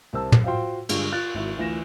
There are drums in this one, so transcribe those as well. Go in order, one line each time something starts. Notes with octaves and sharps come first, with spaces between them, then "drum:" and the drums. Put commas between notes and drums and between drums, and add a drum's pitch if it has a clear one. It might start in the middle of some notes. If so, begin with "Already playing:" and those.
C2 A#4 C5 A5 E6
drum: tom
F4 F#4 C5 F5 G5 C6
G2 D3 G#3 F4, drum: cymbal
F4 F#6 A6
G#1 E4 F#4
D2 E3 F4 A#6 E7